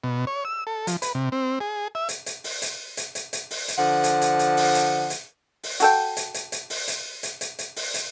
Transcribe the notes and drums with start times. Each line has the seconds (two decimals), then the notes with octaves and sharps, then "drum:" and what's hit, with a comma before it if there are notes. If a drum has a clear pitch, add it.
0.04 B2
0.27 C#5
0.45 E6
0.67 A4
0.87 F3, drum: hi-hat
1.02 B4, drum: hi-hat
1.15 C3
1.32 C4
1.60 G#4
1.95 E5
2.09 drum: hi-hat
2.26 drum: hi-hat
2.44 drum: open hi-hat
2.62 drum: hi-hat
2.97 drum: hi-hat
3.15 drum: hi-hat
3.33 drum: hi-hat
3.51 drum: open hi-hat
3.68 drum: hi-hat
3.78 D3 F3 F#5
4.04 drum: hi-hat
4.22 drum: hi-hat
4.39 drum: hi-hat
4.57 drum: open hi-hat
4.75 drum: hi-hat
5.10 drum: hi-hat
5.63 drum: open hi-hat
5.80 F#4 A4 G5, drum: hi-hat
6.17 drum: hi-hat
6.34 drum: hi-hat
6.52 drum: hi-hat
6.70 drum: open hi-hat
6.88 drum: hi-hat
7.23 drum: hi-hat
7.41 drum: hi-hat
7.59 drum: hi-hat
7.76 drum: open hi-hat
7.94 drum: hi-hat